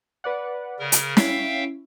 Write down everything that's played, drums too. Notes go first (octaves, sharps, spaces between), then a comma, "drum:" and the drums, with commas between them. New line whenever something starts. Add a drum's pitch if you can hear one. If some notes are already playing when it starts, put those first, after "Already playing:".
B4 D5 F#5
C#3 A#4
drum: hi-hat
C#4 E4 E5 F5 G5, drum: snare